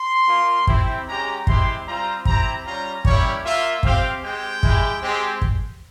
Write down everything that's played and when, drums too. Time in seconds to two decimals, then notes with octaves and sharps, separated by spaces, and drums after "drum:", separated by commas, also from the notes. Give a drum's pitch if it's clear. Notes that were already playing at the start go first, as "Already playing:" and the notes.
Already playing: C6
0.28 A#3 F4
0.67 C4 E4 G4, drum: kick
1.07 G#3 C#4 G4 A#5
1.47 G#3 C4 E4 G4 C6, drum: kick
1.87 G3 C4 F4 A#5
2.25 C4 E4 G4 A#5, drum: kick
2.64 G3 C#4 F4 A#5
3.05 G3 A#3 C#4 E4 G4 C#5, drum: kick
3.44 A#3 F4 E5
3.83 C4 G4 F5, drum: kick
4.23 G#3 C4 G4 G5
4.63 G#3 E4 G4, drum: kick
5.02 G#3 C4 G4
5.42 drum: kick